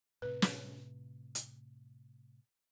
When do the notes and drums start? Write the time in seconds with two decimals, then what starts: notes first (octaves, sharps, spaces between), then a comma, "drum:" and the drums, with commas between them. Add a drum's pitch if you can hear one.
0.22 A2 C3 B4
0.42 drum: snare
1.35 drum: hi-hat